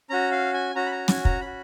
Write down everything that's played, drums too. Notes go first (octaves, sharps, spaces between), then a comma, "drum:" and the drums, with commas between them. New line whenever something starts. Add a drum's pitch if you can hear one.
C#4 F#4 A#5
F5
G#5
C#4 F#4 A#5
B5
A#5
G#5, drum: snare
A#5, drum: kick
C#4 F#4 B5